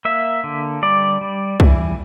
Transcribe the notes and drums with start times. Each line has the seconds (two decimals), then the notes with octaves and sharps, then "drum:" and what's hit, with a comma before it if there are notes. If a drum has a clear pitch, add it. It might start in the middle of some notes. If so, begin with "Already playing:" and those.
0.05 A#3 E5
0.44 D3
0.82 G3 D5
1.21 G3
1.60 E3, drum: kick C2